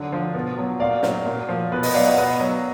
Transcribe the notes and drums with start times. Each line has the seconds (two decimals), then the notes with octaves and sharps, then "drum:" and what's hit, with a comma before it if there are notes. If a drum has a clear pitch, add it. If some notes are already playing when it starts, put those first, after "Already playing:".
Already playing: D3 F#3
0.12 F3
0.34 B2
0.58 F#3
0.80 A#2 D5 F5
1.03 F#3, drum: snare
1.26 A#2
1.49 F3
1.72 B2 B4
1.83 B4 D#5, drum: open hi-hat
1.94 F#3 D5 F5
2.05 D#5 F#5
2.17 B2 B4 D#5
2.39 F#3